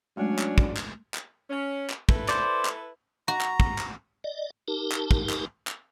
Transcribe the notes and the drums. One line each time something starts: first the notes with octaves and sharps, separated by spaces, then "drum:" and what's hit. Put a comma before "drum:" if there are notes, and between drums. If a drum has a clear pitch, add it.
F#3 G#3 A3 C#4 D4
drum: clap
drum: kick
drum: clap
drum: clap
C#4
drum: clap
E4 A4 B4, drum: kick
C5 D5, drum: clap
drum: clap
F#4 A#5
drum: clap
drum: kick
drum: clap
D5 D#5
D#4 G4 A#4 A5
drum: clap
drum: kick
drum: clap
drum: clap